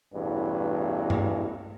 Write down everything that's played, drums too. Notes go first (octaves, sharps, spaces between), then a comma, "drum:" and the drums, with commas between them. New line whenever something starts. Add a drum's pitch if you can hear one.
A1 E2 G2 B2 E3
drum: tom G2